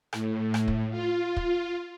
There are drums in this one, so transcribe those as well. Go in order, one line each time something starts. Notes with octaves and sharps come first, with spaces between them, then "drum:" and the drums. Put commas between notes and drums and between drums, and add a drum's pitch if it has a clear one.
A2, drum: rim click
drum: rim click
drum: kick
F4
drum: kick